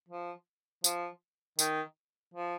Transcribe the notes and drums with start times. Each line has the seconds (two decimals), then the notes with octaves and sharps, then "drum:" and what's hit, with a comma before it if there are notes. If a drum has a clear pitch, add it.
0.09 F3
0.84 F3, drum: tambourine
1.59 D#3, drum: tambourine
2.34 F3